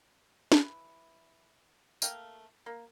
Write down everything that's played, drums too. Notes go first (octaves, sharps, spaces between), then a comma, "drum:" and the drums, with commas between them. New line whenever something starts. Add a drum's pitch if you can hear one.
E3, drum: snare
A3 A#3 F5 G5, drum: tambourine
A#3